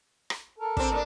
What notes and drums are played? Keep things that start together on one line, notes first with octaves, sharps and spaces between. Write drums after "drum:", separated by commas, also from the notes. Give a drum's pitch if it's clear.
drum: rim click
A4 A#4
C4 D4, drum: kick
A#2 D4